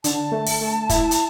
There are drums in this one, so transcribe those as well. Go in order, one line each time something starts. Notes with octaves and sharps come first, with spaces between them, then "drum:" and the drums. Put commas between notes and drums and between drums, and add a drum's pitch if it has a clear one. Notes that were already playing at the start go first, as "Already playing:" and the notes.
D3 A5, drum: hi-hat
A3
drum: open hi-hat
A3
E4, drum: kick, hi-hat
drum: hi-hat